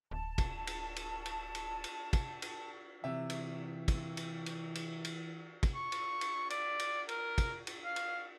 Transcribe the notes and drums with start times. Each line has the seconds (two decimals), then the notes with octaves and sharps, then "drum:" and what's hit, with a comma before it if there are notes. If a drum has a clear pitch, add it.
0.11 D1 A5
0.38 drum: kick, cymbal
0.67 drum: cymbal
0.96 drum: cymbal
1.26 drum: cymbal
1.55 drum: cymbal
1.84 drum: cymbal
2.13 drum: kick, cymbal
2.42 drum: cymbal
3.04 C3 E3 E5
3.30 drum: cymbal
3.88 drum: kick, cymbal
4.17 drum: cymbal
4.46 drum: cymbal
4.75 drum: cymbal
5.05 drum: cymbal
5.63 drum: kick, cymbal
5.75 C#6
5.92 drum: cymbal
6.21 drum: cymbal
6.50 D5, drum: cymbal
6.79 drum: cymbal
7.09 A#4, drum: cymbal
7.38 drum: kick, cymbal
7.67 drum: cymbal
7.84 F5
7.96 drum: cymbal